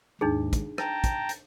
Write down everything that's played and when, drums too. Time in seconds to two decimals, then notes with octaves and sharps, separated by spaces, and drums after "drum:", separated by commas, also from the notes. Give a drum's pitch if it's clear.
0.21 D#2 G#2 D4 D#4 G#4
0.53 drum: kick, hi-hat
0.78 G5 A5 A#5, drum: rim click
1.04 drum: kick, hi-hat
1.29 drum: hi-hat